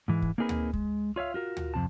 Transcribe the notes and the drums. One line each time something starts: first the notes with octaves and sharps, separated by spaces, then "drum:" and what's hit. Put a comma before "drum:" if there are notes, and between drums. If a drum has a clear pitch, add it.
G#2 E3 G#3
drum: kick
A#3 C4 D#4 G#4 A#4 B4
drum: tom D2
G#3, drum: kick
F4 C#5 E5 F5
F4 F#4 A#4
drum: tom D2
F2 C3 A5